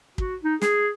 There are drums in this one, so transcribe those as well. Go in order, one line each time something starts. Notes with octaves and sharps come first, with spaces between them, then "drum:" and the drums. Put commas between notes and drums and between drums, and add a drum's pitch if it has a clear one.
F#4, drum: kick
D#4
G#4, drum: snare